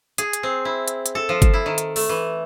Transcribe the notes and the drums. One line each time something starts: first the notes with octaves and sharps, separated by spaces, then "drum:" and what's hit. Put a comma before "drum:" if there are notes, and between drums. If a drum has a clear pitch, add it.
G#4, drum: hi-hat
drum: hi-hat
C4
E4
drum: hi-hat
drum: hi-hat
A4
F3
drum: kick G1, hi-hat
E4
D#3
drum: hi-hat
A3, drum: open hi-hat
E3